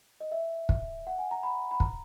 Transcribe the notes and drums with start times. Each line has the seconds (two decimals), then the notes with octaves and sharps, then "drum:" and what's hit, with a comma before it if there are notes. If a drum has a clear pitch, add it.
0.20 D#5
0.32 E5
0.69 drum: kick
1.07 F#5
1.18 G#5
1.31 A#5
1.43 B5
1.71 B5
1.80 A#5, drum: kick